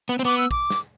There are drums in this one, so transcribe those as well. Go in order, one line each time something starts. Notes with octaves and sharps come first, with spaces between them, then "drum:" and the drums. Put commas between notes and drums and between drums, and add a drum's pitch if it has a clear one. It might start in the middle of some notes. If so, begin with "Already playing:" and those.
B3
C4
B3 D6
E6
D6, drum: kick
drum: snare